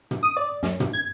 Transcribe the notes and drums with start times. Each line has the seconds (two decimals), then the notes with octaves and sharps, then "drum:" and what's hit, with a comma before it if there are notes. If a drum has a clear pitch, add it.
0.11 drum: tom
0.23 D#6
0.37 D5
0.63 F#2, drum: snare
0.80 drum: tom
0.93 G#6